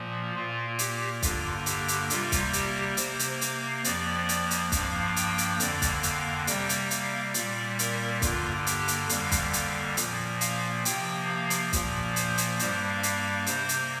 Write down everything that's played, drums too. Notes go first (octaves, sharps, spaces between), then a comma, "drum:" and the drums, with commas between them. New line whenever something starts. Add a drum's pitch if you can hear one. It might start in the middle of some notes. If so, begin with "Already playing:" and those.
Already playing: A#2 F3 A#3
A#2 A#3 F4
G4, drum: hi-hat
G2 D3 A#3 F4, drum: kick, hi-hat
G4, drum: hi-hat
drum: hi-hat
C3 G3 A#3 F4, drum: hi-hat
drum: kick, hi-hat
G4, drum: hi-hat
C3 A#3 C5, drum: hi-hat
drum: hi-hat
F5, drum: hi-hat
F2 F3 A#3 D5, drum: hi-hat
drum: hi-hat
drum: hi-hat
G2 F3 A#3 F5, drum: kick, hi-hat
G5, drum: hi-hat
drum: hi-hat
F2 D3 A#3 D5, drum: hi-hat
drum: kick, hi-hat
F5, drum: hi-hat
C3 G3 A#3 G5, drum: hi-hat
drum: hi-hat
F5, drum: hi-hat
A#2 G3 A#3 D5, drum: hi-hat
A#4, drum: hi-hat
G2 D3 A#3 F4, drum: kick, hi-hat
G4, drum: hi-hat
drum: hi-hat
F2 D3 G3 A#3 F5, drum: hi-hat
drum: kick, hi-hat
F5, drum: hi-hat
A#2 F3 A#3, drum: hi-hat
F5, drum: hi-hat
C3 F3 A#3 G5, drum: hi-hat
F5
drum: hi-hat
A#2 F3 A#3, drum: kick, hi-hat
C5, drum: hi-hat
drum: hi-hat
G2 G3 A#3 C5, drum: hi-hat
F5
drum: hi-hat
F5
C3 A#3 C5, drum: hi-hat
drum: hi-hat